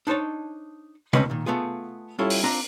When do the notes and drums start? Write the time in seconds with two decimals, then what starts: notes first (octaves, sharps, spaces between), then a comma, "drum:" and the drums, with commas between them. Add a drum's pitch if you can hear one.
0.07 D4 D#4 C5 C#5 A5
1.13 D2 D3 C4 C#4 B4 D#5, drum: tom C3
1.30 A#2 D#3
1.46 A3 B3 F4 G#4
2.19 G3 C#4 E4 F4 A4 C#5
2.30 drum: open hi-hat
2.44 C4 D4 F4 A#5